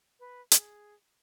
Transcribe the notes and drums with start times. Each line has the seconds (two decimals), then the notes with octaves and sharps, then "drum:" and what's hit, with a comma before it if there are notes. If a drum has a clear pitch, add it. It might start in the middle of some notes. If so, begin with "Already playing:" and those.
0.20 B4
0.51 G#4, drum: hi-hat